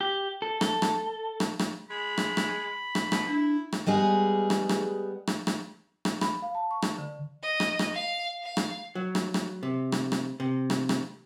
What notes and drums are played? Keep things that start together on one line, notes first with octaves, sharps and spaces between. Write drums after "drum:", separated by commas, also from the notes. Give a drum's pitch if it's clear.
G4
A4
A4, drum: rim click
drum: rim click
drum: rim click
drum: rim click
G#3 B5
drum: rim click
drum: rim click
drum: rim click
B2, drum: rim click
D4 E4
drum: rim click
G3 G#3 B3 G#4
drum: rim click
drum: rim click
drum: rim click
drum: rim click
drum: rim click
B5, drum: rim click
F5
A5
C#6
drum: rim click
D3
D#5
drum: rim click
drum: rim click
F5
F5
drum: rim click
F#3
drum: rim click
drum: rim click
C3
drum: rim click
drum: rim click
C3
drum: rim click
drum: rim click